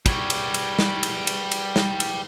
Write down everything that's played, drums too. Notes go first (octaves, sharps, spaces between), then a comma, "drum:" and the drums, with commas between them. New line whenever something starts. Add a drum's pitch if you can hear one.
G3 C#5, drum: kick, cymbal
drum: cymbal
drum: cymbal
drum: snare
drum: cymbal
drum: cymbal
drum: cymbal
drum: snare
drum: cymbal